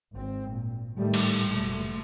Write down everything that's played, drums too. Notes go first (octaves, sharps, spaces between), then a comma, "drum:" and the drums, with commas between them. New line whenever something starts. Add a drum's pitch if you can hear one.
G#1 C4
A#2
A2 D#3 G3 A3
drum: cymbal
F#1 B2 A3